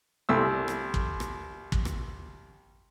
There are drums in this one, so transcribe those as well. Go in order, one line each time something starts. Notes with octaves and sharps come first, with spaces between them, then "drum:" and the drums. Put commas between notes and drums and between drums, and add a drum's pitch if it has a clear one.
C2 A3 E6
drum: rim click
drum: kick
drum: rim click
drum: kick
drum: rim click